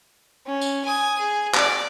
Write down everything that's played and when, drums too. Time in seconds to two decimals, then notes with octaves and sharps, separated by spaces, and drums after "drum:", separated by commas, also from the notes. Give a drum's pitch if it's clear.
0.46 C#4
0.61 drum: tambourine
0.84 G#5 D#6
1.19 G#4
1.54 D5 D6, drum: clap